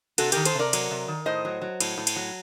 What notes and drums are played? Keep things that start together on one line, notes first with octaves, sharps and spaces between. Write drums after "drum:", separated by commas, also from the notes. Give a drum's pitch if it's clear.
C3 F#4 A4, drum: cymbal
D#3 G4 A#4, drum: cymbal
A4 C5, drum: cymbal
C3 A#4 D5
F#3, drum: cymbal
C3
D#3
A2 C5 D#5
F#3
F#3
A2, drum: cymbal
A2
drum: cymbal
F#3